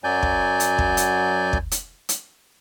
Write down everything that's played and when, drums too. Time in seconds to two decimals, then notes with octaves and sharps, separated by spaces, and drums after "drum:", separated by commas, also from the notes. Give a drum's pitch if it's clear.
0.04 F#2 F#3 D5 G#5 G6
0.23 drum: kick
0.60 drum: hi-hat
0.78 drum: kick
0.97 drum: hi-hat
1.53 drum: kick
1.71 drum: hi-hat
2.09 drum: hi-hat